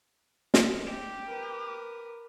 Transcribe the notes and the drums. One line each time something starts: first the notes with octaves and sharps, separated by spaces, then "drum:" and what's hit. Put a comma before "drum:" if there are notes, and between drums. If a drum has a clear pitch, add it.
drum: snare
G4
A#4 B4